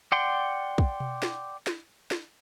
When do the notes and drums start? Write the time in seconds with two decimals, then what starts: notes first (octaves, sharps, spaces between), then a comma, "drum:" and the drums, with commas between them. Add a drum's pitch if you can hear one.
0.12 D5 F#5 G5 C6
0.78 drum: kick
1.00 drum: tom B2
1.22 drum: snare
1.67 drum: snare
2.11 drum: snare